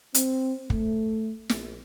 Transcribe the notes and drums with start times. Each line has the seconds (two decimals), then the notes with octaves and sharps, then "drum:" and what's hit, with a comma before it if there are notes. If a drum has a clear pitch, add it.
0.14 C4, drum: hi-hat
0.70 A3, drum: kick
1.49 A#1, drum: snare